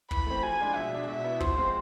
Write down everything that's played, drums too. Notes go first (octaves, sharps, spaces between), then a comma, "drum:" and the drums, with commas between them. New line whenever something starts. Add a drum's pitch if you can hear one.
E3 B5, drum: kick
A3 C4
F3 G#5
G#3 D4 F4
B2 E5
G#3 D4
B2 E5
B3 E4
F3 C5, drum: kick
G#3 C4 F4